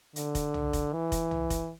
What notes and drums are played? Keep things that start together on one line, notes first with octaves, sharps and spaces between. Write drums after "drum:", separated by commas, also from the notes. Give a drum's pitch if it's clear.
D3, drum: hi-hat
drum: kick F1, hi-hat
drum: tom
drum: kick F1, hi-hat
E3
drum: kick F1, hi-hat
drum: tom
drum: kick F1, hi-hat